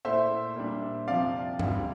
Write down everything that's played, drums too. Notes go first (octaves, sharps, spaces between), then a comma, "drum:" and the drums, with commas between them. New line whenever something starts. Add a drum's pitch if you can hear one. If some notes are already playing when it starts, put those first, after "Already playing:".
A#2 A3 E4 C5 E5
A#2 G3 D4
F2 C3 F3 D5 F5
D2 C3 G3, drum: tom G2